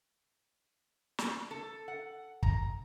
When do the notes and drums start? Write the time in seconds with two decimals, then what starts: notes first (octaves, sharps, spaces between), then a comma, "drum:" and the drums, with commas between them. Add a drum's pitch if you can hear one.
1.18 drum: snare
1.51 A4
1.88 F#5
2.43 A#5, drum: kick